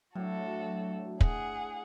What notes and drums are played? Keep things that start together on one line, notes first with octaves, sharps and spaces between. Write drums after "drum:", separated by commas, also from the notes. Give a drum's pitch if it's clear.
A2 F#3 D4 F#4 A4
G#4 F#5, drum: kick